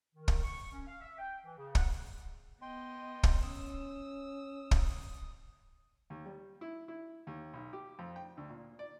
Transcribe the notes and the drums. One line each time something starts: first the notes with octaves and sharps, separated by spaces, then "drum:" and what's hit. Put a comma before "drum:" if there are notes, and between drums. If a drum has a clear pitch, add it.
D#3
drum: kick
C#6
C#4
F5
E5
G5
E3
C#3
F#5, drum: kick
B3 D#5 G5 C6
drum: kick
C#4 D#6 E6
drum: kick
D#2
G3
E4
E4
D#2
B1
G4
F2
G5
D2
A#2
D5